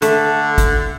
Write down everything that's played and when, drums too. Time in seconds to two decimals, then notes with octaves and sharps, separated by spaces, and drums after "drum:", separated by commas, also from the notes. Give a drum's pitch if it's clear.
0.02 D3 A3, drum: hi-hat
0.58 drum: kick, hi-hat